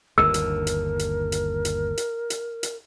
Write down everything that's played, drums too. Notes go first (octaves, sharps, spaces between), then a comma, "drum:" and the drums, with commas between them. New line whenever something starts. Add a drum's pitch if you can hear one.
G1 D#2 D3 A#4 E6
drum: hi-hat
drum: hi-hat
drum: hi-hat
drum: hi-hat
drum: hi-hat
drum: hi-hat
drum: hi-hat
drum: hi-hat